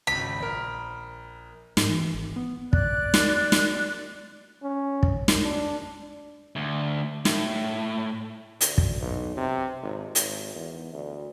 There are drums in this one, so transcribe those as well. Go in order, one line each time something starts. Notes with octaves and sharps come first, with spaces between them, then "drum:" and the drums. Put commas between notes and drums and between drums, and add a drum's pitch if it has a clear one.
G#1 C#2 B5
A#1 A#4
G#2, drum: snare
E3
G#1
B3
D5 F#6, drum: kick
drum: snare
drum: snare
C#4
drum: kick
drum: snare
D4
D2
A2, drum: snare
D2, drum: hi-hat
drum: kick
B1
C3
G#1
G#1, drum: hi-hat
E2
D2